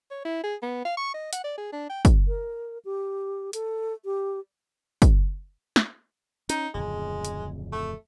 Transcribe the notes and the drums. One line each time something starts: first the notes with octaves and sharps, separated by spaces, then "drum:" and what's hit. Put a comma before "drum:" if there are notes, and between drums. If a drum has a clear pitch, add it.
C#5
E4
G#4
B3
F5
C#6
D#5
F#5, drum: hi-hat
D5
G#4
D4
G5
drum: kick, hi-hat
A#4
G4
A4, drum: hi-hat
G4
drum: kick, hi-hat
drum: snare
C#4 D#4, drum: hi-hat
D1 F2 C#3 G#3
drum: hi-hat
A3